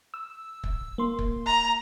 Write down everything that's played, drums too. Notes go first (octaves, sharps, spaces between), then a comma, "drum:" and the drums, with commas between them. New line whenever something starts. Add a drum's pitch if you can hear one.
E6
drum: kick
A#3 C6
drum: kick
A#5